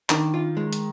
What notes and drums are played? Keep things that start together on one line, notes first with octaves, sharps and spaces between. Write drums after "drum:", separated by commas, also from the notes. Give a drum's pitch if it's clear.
D#3 D4, drum: clap
F4
G#3
drum: hi-hat